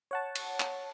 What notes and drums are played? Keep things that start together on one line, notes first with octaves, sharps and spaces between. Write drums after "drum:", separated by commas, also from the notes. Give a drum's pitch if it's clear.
C#5 F#5 A5
drum: cymbal
drum: clap